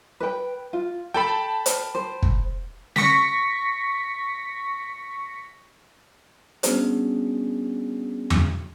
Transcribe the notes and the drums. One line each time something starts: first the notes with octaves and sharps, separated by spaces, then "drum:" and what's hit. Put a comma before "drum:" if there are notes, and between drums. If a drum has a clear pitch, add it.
B4 G5
F4
A4 G5 A5 B5
drum: hi-hat
C5
drum: kick
C#6 A#6 B6, drum: snare
G3 B3 C#4 D4 F#4 G#4, drum: hi-hat
drum: tom E2